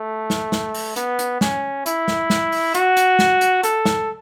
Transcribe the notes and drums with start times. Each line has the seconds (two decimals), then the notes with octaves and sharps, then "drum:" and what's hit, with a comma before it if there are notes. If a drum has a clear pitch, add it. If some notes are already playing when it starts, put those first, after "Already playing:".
Already playing: A3
0.30 drum: snare
0.52 drum: snare
0.74 drum: open hi-hat
0.96 B3, drum: hi-hat
1.19 drum: hi-hat
1.41 C#4, drum: snare
1.86 E4, drum: hi-hat
2.08 drum: snare
2.30 drum: snare
2.52 drum: open hi-hat
2.74 F#4, drum: hi-hat
2.97 drum: hi-hat
3.19 drum: snare
3.41 drum: hi-hat
3.63 A4, drum: hi-hat
3.85 drum: snare